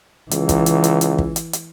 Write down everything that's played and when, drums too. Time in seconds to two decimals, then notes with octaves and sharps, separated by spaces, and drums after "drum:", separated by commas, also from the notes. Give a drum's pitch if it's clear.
0.31 C#2 E3, drum: hi-hat
0.49 drum: kick, hi-hat
0.66 drum: hi-hat
0.84 drum: hi-hat
1.01 drum: hi-hat
1.18 drum: kick
1.36 drum: hi-hat
1.53 drum: hi-hat